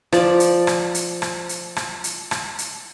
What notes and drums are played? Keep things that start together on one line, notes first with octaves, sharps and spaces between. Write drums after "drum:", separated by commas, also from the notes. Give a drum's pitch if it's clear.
F3 D5, drum: rim click
drum: hi-hat
drum: rim click
drum: hi-hat
drum: rim click
drum: hi-hat
drum: rim click
drum: hi-hat
drum: rim click
drum: hi-hat